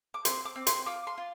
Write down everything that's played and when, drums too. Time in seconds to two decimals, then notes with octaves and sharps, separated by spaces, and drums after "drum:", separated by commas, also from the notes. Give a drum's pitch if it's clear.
0.14 D6
0.25 C4 C6, drum: hi-hat
0.45 D6
0.56 C4
0.67 C6, drum: hi-hat
0.86 F4 D6
1.07 C6
1.18 F4